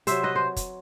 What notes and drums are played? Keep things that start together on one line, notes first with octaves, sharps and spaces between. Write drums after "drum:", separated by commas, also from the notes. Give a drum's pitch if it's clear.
C3 F#3 C5 E5, drum: hi-hat
B4 D#5
C5
drum: kick, hi-hat